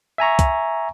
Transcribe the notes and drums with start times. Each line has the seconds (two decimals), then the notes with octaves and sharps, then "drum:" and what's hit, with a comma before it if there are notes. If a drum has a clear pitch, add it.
0.18 E5 G#5 A#5 C#6
0.39 drum: kick, hi-hat